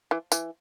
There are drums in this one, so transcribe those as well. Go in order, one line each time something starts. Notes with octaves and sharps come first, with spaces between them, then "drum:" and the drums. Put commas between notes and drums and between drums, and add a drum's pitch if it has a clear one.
E3
E3, drum: tambourine